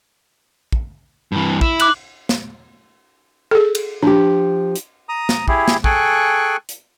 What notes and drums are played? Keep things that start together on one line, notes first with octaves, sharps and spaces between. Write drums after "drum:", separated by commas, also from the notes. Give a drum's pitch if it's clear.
drum: kick
G2 E3
E4, drum: kick
D6 F#6 F#7, drum: cymbal
drum: snare
G#4 A4
drum: cymbal
F3 D4 G4
drum: hi-hat
A#5 D#6
drum: snare
E4 G4 G#4, drum: kick
drum: snare
G#4 A4 G5 G#5 C#6 F#6, drum: kick
drum: hi-hat